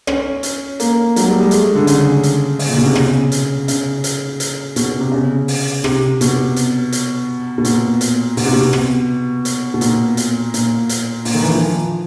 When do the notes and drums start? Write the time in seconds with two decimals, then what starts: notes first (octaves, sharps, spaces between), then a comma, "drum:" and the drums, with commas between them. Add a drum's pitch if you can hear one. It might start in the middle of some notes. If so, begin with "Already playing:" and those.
0.07 C#4, drum: rim click
0.43 drum: hi-hat
0.80 A#3, drum: hi-hat
1.16 F#3, drum: hi-hat
1.28 G3
1.40 G#3
1.51 A3, drum: hi-hat
1.63 G#3
1.75 D3
1.87 C#3, drum: hi-hat
2.23 drum: hi-hat
2.59 C#3, drum: open hi-hat
2.69 A#2
2.78 B2
2.86 C3
2.95 C#3, drum: rim click
3.32 drum: hi-hat
3.68 C#3, drum: hi-hat
4.04 drum: hi-hat
4.40 drum: hi-hat
4.76 B2, drum: hi-hat
5.00 C3
5.12 C#3
5.48 drum: open hi-hat
5.84 C3, drum: rim click
6.21 B2, drum: hi-hat
6.56 drum: hi-hat
6.92 drum: hi-hat
7.58 B2
7.65 A#2, drum: hi-hat
8.01 drum: hi-hat
8.37 B2, drum: open hi-hat
8.45 C3
8.53 B2
8.73 drum: rim click
9.45 drum: hi-hat
9.74 B2
9.81 A#2, drum: hi-hat
10.17 drum: hi-hat
10.54 A#2, drum: hi-hat
10.89 drum: hi-hat
11.25 A#2, drum: open hi-hat
11.34 D#3
11.43 E3
11.53 F3